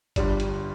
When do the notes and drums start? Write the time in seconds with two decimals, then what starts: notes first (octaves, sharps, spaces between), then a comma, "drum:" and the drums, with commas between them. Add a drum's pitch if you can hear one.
0.16 G1 G2 G3 D4, drum: kick G1, hi-hat
0.40 drum: hi-hat